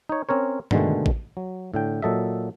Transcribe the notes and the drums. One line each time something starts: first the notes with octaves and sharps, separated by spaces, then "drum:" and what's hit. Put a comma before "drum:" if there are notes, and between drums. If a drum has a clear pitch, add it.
D#4 C#5
C4 C#4 A#4 C#5
B2 D3 D#3 G#3 A3, drum: tom
drum: kick A1
F#3
A2 D3 G5
A#2 F#3 A4 D#5 E5